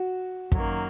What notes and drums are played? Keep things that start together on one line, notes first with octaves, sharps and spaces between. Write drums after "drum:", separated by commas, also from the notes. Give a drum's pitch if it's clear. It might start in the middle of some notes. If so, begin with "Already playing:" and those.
Already playing: F#4
F#2 D#3 F#3 A#3, drum: kick